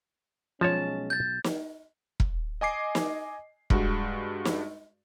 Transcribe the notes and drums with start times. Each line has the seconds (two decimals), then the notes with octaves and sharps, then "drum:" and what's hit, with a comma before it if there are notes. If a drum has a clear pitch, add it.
0.61 B1 F3 G#3 C#4 C#5 A5
1.10 G6 A6
1.44 drum: snare
2.20 drum: kick E1
2.61 D#5 G#5 D6 C7
2.95 drum: snare
3.70 G2 G#3 F#4, drum: kick E1
4.45 drum: snare